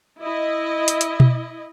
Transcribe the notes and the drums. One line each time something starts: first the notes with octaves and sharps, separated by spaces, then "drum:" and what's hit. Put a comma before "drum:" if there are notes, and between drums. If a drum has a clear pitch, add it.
E4 D#5
drum: hi-hat
drum: hi-hat
drum: tom B2